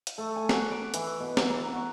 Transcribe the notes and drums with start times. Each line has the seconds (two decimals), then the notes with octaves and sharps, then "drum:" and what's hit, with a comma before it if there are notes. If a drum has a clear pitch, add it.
0.07 drum: hi-hat
0.18 A3
0.36 G#5
0.49 F#4, drum: snare
0.71 D6
0.94 E3, drum: hi-hat
1.20 B2
1.37 drum: snare
1.49 A#5
1.73 F#4